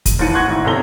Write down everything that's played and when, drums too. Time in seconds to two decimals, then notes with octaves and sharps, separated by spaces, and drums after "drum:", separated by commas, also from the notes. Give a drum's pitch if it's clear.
0.06 drum: kick, hi-hat
0.19 D#2 G#2 E3 A6 C#7 D#7
0.33 F#5 C6 C#6 F#6 G#6 A#6
0.48 D2 G#2 E4
0.65 B1 C3 C4 A4 A#5 G7